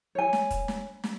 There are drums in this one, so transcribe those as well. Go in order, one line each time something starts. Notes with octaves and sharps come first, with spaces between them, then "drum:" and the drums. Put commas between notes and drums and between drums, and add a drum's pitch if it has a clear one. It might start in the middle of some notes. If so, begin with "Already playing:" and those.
C#5 G#5
drum: snare
drum: kick, hi-hat
drum: snare
drum: snare